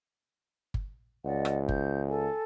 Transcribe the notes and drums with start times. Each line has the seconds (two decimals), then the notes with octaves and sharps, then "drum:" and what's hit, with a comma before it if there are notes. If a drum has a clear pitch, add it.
0.74 drum: kick G1
1.25 C#2 D5 D#5 F#5
1.45 drum: rim click
1.69 G6, drum: kick G1
2.08 A4 G#5